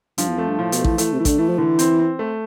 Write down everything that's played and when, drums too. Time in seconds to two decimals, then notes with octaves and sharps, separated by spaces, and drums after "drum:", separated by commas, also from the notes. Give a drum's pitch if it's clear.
0.18 G2 F3, drum: hi-hat
0.28 E2
0.38 F2 A3
0.48 G2
0.59 A2 F3
0.72 B2, drum: hi-hat
0.78 A3
0.84 E3, drum: kick A1
0.98 E3 A3, drum: hi-hat
1.12 C3
1.19 E3 A3
1.25 D3, drum: kick A1, hi-hat
1.38 E3 A3
1.49 F3
1.58 D3 E3
1.79 C4, drum: hi-hat
1.99 C4
2.19 A3